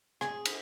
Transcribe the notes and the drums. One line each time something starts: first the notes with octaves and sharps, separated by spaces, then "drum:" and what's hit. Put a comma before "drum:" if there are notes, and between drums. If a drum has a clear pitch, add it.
G#4, drum: rim click
drum: cymbal